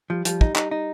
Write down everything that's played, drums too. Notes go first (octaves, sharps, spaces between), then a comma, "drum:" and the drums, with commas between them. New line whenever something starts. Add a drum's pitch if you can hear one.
F3 G3
F3 G3, drum: hi-hat
D#4, drum: kick
D#4, drum: clap
D#4